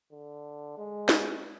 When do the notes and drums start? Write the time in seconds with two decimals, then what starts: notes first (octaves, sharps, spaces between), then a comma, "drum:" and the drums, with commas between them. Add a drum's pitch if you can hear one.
0.12 D3
0.77 G#3
1.09 drum: snare